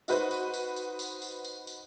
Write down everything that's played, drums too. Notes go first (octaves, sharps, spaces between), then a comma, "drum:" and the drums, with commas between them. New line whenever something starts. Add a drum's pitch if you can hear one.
D#4 F#4 B4 C5, drum: tambourine
drum: tambourine
drum: tambourine
drum: tambourine
drum: tambourine
drum: tambourine
drum: tambourine
drum: tambourine